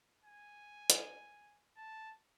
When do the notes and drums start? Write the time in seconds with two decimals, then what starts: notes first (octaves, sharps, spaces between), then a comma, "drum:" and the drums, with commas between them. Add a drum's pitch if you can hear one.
0.24 G#5
0.90 drum: hi-hat
1.77 A5